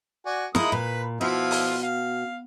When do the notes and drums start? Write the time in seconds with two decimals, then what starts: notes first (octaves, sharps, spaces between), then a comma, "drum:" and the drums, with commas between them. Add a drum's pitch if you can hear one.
0.26 F#4 D5 G#5
0.55 G#3 A#3 D#4 E4 D#6, drum: snare
0.72 A#2 B4 B5
1.21 B2 F3 E4 F4
1.51 drum: open hi-hat
1.82 F5